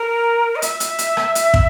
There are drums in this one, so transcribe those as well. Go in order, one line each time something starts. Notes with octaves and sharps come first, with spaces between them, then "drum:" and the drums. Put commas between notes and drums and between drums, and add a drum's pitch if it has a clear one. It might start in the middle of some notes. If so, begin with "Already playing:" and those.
Already playing: A#4
D#5
E5, drum: hi-hat
drum: hi-hat
drum: hi-hat
drum: rim click
drum: hi-hat
drum: kick